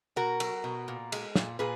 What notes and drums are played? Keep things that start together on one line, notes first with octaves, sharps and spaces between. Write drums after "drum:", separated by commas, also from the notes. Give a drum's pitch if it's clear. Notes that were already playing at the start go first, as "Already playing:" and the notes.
B2 F#4 A#4
F#3, drum: cymbal
B2
A#2
G#3, drum: cymbal
A#2, drum: snare
A#2 G#4 B4